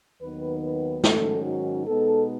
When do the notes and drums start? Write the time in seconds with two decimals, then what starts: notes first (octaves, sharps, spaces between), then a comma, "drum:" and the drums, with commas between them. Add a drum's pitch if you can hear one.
0.21 D#2 D#3 F#3 B3 D#4 B4
0.62 B4
1.04 G#2 D#3 F#3 C#4 A4, drum: snare
1.44 F#4
1.86 B2 G#3 B3 D#4 A4